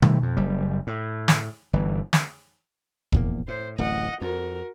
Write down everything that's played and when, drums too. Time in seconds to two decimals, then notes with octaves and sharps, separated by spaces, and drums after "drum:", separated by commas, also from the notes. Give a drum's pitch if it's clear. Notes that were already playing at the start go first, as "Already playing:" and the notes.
0.02 D#3 G3 A3, drum: tom B2
0.22 F2
0.37 F#1 G3
0.87 A2
1.28 drum: snare
1.73 G1 E3
2.13 drum: snare
3.12 A#1 E2 A#3, drum: kick E1
3.48 A2 C5
3.78 D1 A1 F#2 D#5 F#5
4.21 F2 F#4 A#4